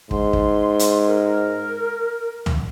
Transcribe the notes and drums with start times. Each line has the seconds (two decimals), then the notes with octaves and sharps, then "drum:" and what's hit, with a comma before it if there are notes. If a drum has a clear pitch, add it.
0.11 G#2 C6, drum: kick
0.33 drum: kick
0.79 drum: hi-hat
1.07 A#4
2.46 drum: tom C#2